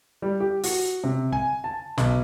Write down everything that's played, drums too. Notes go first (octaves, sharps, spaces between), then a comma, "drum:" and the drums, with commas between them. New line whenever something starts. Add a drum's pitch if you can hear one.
G3
G4
F#4, drum: open hi-hat
C3
G#5, drum: kick
A5
B1, drum: snare